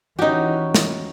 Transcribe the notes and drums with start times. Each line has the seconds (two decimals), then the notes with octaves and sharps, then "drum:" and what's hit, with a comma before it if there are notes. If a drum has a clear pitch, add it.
0.19 E3 C#4 D#4 F#4 G4
0.74 drum: snare